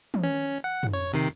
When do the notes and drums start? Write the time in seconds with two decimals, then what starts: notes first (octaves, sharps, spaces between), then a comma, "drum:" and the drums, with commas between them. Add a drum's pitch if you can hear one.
0.14 drum: tom
0.23 C#4
0.64 F#5
0.83 drum: tom
0.93 C#5
1.13 C3 D#3 C7